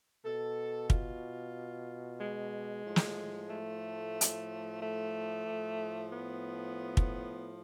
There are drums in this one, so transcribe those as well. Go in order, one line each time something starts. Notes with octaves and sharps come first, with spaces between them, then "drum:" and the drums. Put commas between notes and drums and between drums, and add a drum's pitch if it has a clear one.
B2 A4
F4, drum: kick
G#3
A2 F3
drum: snare
A3
drum: hi-hat
A3
A2 F3
B3
drum: kick